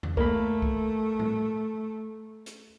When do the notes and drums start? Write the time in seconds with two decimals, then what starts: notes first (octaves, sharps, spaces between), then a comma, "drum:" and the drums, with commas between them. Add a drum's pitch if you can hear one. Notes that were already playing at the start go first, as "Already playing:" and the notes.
0.03 drum: tom E2
0.17 A3 A#3 B5, drum: kick
0.62 drum: kick
1.19 drum: tom A2
2.46 drum: hi-hat